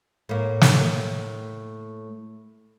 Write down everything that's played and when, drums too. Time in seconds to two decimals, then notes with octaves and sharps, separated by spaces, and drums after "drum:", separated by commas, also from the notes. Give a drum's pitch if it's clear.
0.29 A2 A#3
0.61 drum: snare